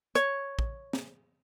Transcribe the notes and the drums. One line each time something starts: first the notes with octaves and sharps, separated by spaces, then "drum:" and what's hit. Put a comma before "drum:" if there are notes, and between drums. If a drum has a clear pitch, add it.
C#5, drum: hi-hat
drum: kick
drum: snare